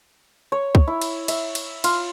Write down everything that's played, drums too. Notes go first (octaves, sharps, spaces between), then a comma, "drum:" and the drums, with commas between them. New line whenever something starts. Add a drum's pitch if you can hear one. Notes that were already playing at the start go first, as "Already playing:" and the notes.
C#5
drum: kick
E4
drum: cymbal
E5, drum: cymbal
drum: cymbal
F4, drum: cymbal